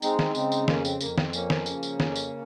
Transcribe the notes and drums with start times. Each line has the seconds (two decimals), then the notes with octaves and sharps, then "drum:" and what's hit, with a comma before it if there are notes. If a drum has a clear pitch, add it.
0.02 G#3 C4 D#4, drum: tambourine
0.19 drum: snare
0.35 C#3 C4 D#4, drum: tambourine
0.52 drum: tambourine
0.68 F2 A#3 C#4, drum: snare
0.85 C4, drum: tambourine
1.01 F2 A#3, drum: tambourine
1.18 C4, drum: snare
1.33 F3 A#3 C#4, drum: tambourine
1.50 drum: snare
1.66 C#3, drum: tambourine
1.83 drum: tambourine
2.00 F2, drum: snare
2.16 drum: tambourine